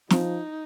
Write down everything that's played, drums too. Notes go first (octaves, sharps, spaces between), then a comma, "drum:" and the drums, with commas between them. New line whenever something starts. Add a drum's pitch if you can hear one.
F3 D#4, drum: snare